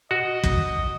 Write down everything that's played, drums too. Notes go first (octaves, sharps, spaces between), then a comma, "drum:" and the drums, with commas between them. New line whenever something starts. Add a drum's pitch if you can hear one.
F#4 D#5
drum: kick